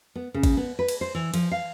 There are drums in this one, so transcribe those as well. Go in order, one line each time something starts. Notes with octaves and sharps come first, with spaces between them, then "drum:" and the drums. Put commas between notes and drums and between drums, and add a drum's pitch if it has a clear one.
B3
C#3
drum: kick, cymbal
B3
B4
drum: cymbal
C5
E3
F3, drum: cymbal
F5